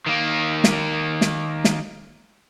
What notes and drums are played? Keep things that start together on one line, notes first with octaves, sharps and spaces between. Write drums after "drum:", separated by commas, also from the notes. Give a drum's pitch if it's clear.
D#3 A#3
drum: snare
drum: snare
drum: snare